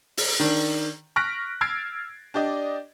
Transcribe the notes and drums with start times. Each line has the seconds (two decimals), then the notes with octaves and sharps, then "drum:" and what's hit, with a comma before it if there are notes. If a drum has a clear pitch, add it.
0.17 drum: open hi-hat
0.40 D#3 D4
1.16 C#6 F6 F#6 A#6 B6 D7
1.61 E6 F6 G#6 A6 C7 D7
2.34 D4 G4 D5 D#5